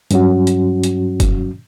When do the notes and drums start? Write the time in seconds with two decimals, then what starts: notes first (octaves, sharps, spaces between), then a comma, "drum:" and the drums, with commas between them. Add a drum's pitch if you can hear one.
0.11 G2 F#3 C#4 F#4, drum: hi-hat
0.47 drum: hi-hat
0.84 drum: hi-hat
1.20 drum: kick, hi-hat